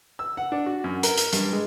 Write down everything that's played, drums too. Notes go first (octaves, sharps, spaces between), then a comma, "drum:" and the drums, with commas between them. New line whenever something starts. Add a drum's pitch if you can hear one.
E6
F#5
D4
F#4
F#2
A#4, drum: hi-hat
drum: hi-hat
G2, drum: hi-hat
G#3